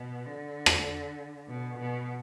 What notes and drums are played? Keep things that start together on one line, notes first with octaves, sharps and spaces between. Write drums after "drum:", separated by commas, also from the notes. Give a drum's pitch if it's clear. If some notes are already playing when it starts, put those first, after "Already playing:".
Already playing: B2
D3
drum: rim click
B2
B2